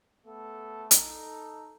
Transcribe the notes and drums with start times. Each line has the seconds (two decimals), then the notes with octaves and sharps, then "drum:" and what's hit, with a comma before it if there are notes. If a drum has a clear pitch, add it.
0.25 A3 B3 A4
0.91 D#4 A4, drum: hi-hat